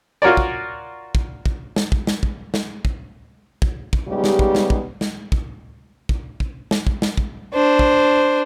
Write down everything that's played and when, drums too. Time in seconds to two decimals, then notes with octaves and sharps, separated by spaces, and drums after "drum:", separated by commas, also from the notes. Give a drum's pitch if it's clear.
0.22 F4 F#4 A#4 C#5 D5
0.37 drum: kick
1.15 drum: kick
1.46 drum: kick
1.76 drum: snare
1.92 drum: kick
2.07 drum: snare
2.23 drum: kick
2.54 drum: snare
2.85 drum: kick
3.62 drum: kick
3.93 drum: kick
4.08 C#3 G3 G#3 B3 D#4 G4
4.24 drum: snare
4.39 drum: kick
4.55 drum: snare
4.70 drum: kick
5.01 drum: snare
5.32 drum: kick
6.09 drum: kick
6.40 drum: kick
6.71 drum: snare
6.87 drum: kick
7.02 drum: snare
7.17 drum: kick
7.54 D4 C5
7.79 drum: kick